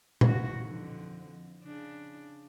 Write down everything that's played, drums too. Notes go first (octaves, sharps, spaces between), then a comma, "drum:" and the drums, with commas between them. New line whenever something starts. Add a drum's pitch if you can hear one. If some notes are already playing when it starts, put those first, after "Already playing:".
E2 D#3 F#4, drum: tom A#2
F2 D3 F3
C#3 D4